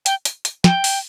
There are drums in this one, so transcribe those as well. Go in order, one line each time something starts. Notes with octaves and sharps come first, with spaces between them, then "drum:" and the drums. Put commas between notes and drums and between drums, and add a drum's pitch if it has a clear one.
G5, drum: hi-hat
drum: hi-hat
drum: hi-hat
G5, drum: snare
drum: open hi-hat